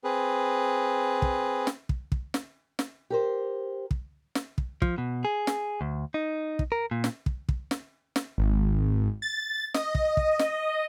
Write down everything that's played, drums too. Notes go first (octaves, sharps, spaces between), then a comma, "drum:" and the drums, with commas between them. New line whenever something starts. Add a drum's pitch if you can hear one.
C4 G#4 B4
drum: kick
drum: snare
drum: kick
drum: kick
drum: snare
drum: snare
G4 A#4 C5
drum: kick
drum: snare
drum: kick
F3, drum: kick
B2
G#4
drum: snare
D2
D#4
drum: kick
A#4
A#2
drum: snare
drum: kick
drum: kick
drum: snare
drum: snare
G#1
A6
D#5, drum: snare
drum: kick
drum: kick
drum: snare